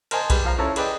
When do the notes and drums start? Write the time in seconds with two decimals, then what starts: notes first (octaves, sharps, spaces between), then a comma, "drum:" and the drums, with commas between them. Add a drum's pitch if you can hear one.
0.11 A#4 C5 D#5 G#5 A5, drum: cymbal
0.30 G3 G#4 B4, drum: kick B1, cymbal
0.44 F3 F5 A#5
0.58 C#4 E4 A4 A#5
0.76 G#4 B4 D5 D#5 G5, drum: cymbal